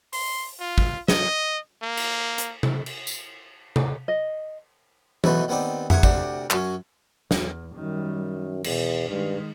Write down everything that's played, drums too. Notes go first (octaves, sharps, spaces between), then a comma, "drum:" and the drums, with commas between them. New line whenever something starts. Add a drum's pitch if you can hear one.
C6, drum: open hi-hat
F4
drum: kick
D#5, drum: snare
A#3
drum: cymbal
drum: hi-hat
drum: tom C3
drum: cymbal
drum: tambourine
drum: tom C3
D#5
B2 E3 A3 D#4 B4, drum: tom
D#2 B3 C4 D#4 D5
E5 F#5 G#5, drum: tom F2
D2 C3 D5 F#5 G5, drum: kick
F#2 F#3 C#4, drum: clap
E2, drum: snare
F#2 D#3 G3
E2 B2, drum: cymbal
G2 D#3 G#3